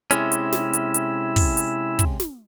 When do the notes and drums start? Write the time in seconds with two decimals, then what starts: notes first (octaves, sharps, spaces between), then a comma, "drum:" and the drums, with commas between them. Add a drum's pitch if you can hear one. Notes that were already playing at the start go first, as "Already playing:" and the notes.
0.11 C3 G#3 C#4 E4, drum: hi-hat
0.32 drum: hi-hat
0.52 drum: snare
0.73 drum: hi-hat
0.94 drum: hi-hat
1.36 drum: kick, open hi-hat
1.57 drum: hi-hat
1.99 drum: kick, hi-hat
2.20 drum: snare